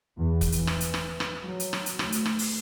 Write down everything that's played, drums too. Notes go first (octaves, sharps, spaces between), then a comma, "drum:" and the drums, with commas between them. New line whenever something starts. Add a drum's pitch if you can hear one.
E2
drum: kick, hi-hat
E3, drum: hi-hat
drum: rim click
drum: hi-hat
drum: rim click
drum: rim click
F#3
drum: hi-hat
drum: rim click
drum: hi-hat
D2, drum: rim click
drum: hi-hat
drum: rim click
drum: open hi-hat